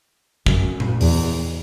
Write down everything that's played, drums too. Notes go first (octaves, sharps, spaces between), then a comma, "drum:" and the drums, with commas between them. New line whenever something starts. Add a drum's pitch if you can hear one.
F#2, drum: kick
drum: tom A#2
E2, drum: open hi-hat